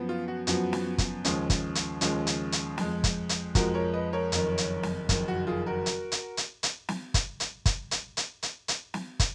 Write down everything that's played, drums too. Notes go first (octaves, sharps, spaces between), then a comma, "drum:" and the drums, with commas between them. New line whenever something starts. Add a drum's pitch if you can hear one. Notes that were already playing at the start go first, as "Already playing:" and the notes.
Already playing: F#2 F3 B3
F4
F#4
F#2 F3 B3 F#4, drum: hi-hat
drum: snare
drum: kick, hi-hat
D#2 C#3 F3 G#3, drum: hi-hat
drum: kick, hi-hat
drum: hi-hat
D#2 C#3 F3 G#3, drum: hi-hat
drum: hi-hat
drum: hi-hat
F2 F3 G#3, drum: snare
drum: kick, hi-hat
drum: hi-hat
F2 F3 G#3 F#4 A#4, drum: kick, hi-hat
A#4 C#5
B4 D#5
A#4 C#5
F#1 F2 D#3, drum: hi-hat
drum: hi-hat
drum: snare
F#1 F2 D#3, drum: kick, hi-hat
F#4
F4 G#4
F#4 A#4
drum: hi-hat
drum: hi-hat
drum: hi-hat
drum: hi-hat
drum: snare
drum: kick, hi-hat
drum: hi-hat
drum: kick, hi-hat
drum: hi-hat
drum: hi-hat
drum: hi-hat
drum: hi-hat
drum: snare
drum: kick, hi-hat